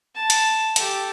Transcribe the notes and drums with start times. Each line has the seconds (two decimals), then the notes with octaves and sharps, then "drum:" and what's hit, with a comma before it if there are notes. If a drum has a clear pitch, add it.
0.15 A5
0.30 drum: hi-hat
0.76 G4 A4, drum: hi-hat